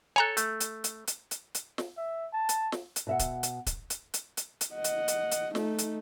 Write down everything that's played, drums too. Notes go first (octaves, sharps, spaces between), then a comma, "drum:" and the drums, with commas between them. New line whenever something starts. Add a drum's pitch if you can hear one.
A4 C#5 G#5 A#5 F#6
A3, drum: hi-hat
drum: hi-hat
drum: hi-hat
drum: hi-hat
drum: hi-hat
drum: hi-hat
drum: snare
E5
A5
drum: hi-hat
drum: snare
drum: hi-hat
B2 E5 F#5
drum: kick, hi-hat
drum: hi-hat
drum: kick, hi-hat
drum: hi-hat
drum: hi-hat
drum: hi-hat
drum: hi-hat
D#5 F#5
drum: hi-hat
drum: hi-hat
drum: hi-hat
A3 D#4, drum: snare
drum: hi-hat